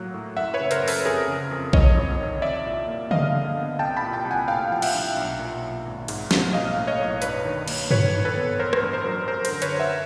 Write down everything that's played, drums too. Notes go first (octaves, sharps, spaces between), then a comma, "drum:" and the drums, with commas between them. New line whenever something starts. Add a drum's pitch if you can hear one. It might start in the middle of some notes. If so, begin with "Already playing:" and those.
Already playing: A2 F#3 A#3 F#5
A2
F#2 E5 F#5
B4 C#5
C#3
A#4 C5, drum: hi-hat
F#2
A4 B4, drum: open hi-hat
F2 G#4 A#4
C#3
F2
G1 C#5 D#5, drum: kick A#1
F2
D#3
C2 D5 E5
A#2
A#3
G2 D#5 F5, drum: tom C#3
D3
B3
C2 G5 A5
A5 B5
A#2
G5 A5
C2
F#5 G#5
A2 F5 G5
F3 G5
E5 F#5, drum: cymbal
D4
B1
A#2
B1
G#1
G#2, drum: cymbal
A#3, drum: snare
B1 D#5 F5
A2
C#5 D#5
B1
G2 B4 C#5, drum: hi-hat
D#3
A#3, drum: cymbal
D#2 B4 C#5, drum: tom G2
D#3
A4 B4
B3
A1 A#4 C5
drum: rim click
G2
A#4 C5
F#3
F#2 A#4 C5
A#4 C5, drum: cymbal
D3
B4 C#5, drum: hi-hat
F#2
E5 F#5